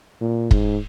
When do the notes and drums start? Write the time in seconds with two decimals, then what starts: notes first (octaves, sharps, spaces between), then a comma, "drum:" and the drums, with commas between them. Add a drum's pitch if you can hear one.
0.21 A#2
0.51 G#2, drum: kick